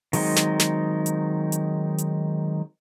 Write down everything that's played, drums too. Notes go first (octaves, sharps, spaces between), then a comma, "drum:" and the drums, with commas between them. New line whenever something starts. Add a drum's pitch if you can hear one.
D#3 F#3 G#3 C4 D#4, drum: open hi-hat
drum: snare
drum: snare
drum: hi-hat
drum: hi-hat
drum: hi-hat